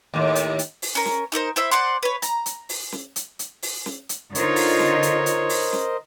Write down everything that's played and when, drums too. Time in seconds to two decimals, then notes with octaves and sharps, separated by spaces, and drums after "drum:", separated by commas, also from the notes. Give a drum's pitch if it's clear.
0.14 D#2 A2
0.35 drum: hi-hat
0.59 drum: hi-hat
0.82 drum: open hi-hat
0.95 C#4 A#4
1.05 drum: snare
1.32 D#4 A4 A#4 C5
1.56 E4 C5 E5 B5
1.71 C5 D5 F#5 C6
2.03 B4 C#5
2.22 A#5, drum: hi-hat
2.46 drum: hi-hat
2.69 drum: open hi-hat
2.92 drum: snare
3.16 drum: hi-hat
3.39 drum: hi-hat
3.62 drum: open hi-hat
3.86 drum: snare
4.09 drum: hi-hat
4.35 D3 D#4 F4 A#4 C5 C#5 D#5, drum: hi-hat
4.56 drum: open hi-hat
4.79 drum: snare
5.03 drum: hi-hat
5.26 drum: hi-hat
5.49 drum: open hi-hat
5.73 drum: snare